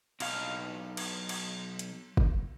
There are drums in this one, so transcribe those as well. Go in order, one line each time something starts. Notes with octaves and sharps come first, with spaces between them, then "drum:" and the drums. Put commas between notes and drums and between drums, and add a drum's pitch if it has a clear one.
B1 F5, drum: cymbal
drum: cymbal
drum: cymbal
drum: hi-hat
drum: kick